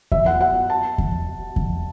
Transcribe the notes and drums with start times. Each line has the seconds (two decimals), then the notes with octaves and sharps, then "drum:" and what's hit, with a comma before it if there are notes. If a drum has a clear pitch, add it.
0.12 E5, drum: kick E2
0.26 F#5
0.41 F#5
0.70 A5
0.98 drum: kick E2
1.56 drum: kick E2